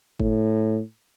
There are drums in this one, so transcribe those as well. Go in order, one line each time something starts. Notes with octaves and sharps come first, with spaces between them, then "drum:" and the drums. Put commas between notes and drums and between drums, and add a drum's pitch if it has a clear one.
A2, drum: kick